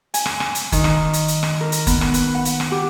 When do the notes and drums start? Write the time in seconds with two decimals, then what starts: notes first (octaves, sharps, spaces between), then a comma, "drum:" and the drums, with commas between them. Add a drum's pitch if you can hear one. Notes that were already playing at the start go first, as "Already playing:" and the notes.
0.14 G#5, drum: hi-hat
0.26 drum: rim click
0.40 drum: rim click
0.55 drum: hi-hat
0.72 D#3, drum: kick, hi-hat
0.84 drum: rim click
1.13 drum: hi-hat
1.28 drum: hi-hat
1.43 drum: rim click
1.61 A#4
1.72 drum: hi-hat
1.87 B3, drum: kick, hi-hat
2.01 drum: rim click
2.14 B4, drum: hi-hat
2.34 F#5
2.45 drum: hi-hat
2.60 drum: rim click
2.71 G4